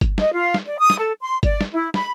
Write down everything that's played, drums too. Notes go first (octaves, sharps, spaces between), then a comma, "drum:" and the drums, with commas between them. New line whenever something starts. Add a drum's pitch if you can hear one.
drum: kick G1, hi-hat
D#5, drum: snare
F4
drum: snare
D5
D#6
drum: snare
A4
C6
D5, drum: kick G1, hi-hat
drum: snare
E4
B5, drum: snare